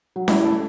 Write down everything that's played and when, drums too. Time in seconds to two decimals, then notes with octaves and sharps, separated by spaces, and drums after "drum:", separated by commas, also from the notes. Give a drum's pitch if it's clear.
0.16 F#3
0.28 G3 E4, drum: snare C#4
0.44 A3 A4